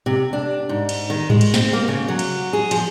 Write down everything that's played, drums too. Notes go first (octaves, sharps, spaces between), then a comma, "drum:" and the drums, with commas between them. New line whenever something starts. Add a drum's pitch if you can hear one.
C3
D4
G#2
drum: cymbal
D#3
G#3, drum: tom G#2
drum: cymbal
C4, drum: snare
A#3
C#3
F#3
drum: cymbal
G#4
F3, drum: cymbal